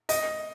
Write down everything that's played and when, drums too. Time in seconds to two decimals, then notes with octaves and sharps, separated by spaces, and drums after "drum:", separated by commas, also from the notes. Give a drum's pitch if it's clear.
0.09 D#5, drum: hi-hat